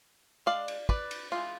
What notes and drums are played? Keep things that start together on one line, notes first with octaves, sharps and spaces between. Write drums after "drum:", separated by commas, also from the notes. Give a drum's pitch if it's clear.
G#3 D4 D5 F5
drum: cymbal
B4 D5, drum: kick
drum: cymbal
E3 G#3 D4 F4